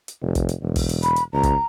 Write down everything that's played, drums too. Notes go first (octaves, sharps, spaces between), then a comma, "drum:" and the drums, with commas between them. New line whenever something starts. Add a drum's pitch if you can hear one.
drum: hi-hat
F1
drum: kick, hi-hat
drum: hi-hat
E1
drum: kick, open hi-hat
drum: hi-hat
B5, drum: hi-hat
drum: hi-hat
C#2 A#5
drum: kick, hi-hat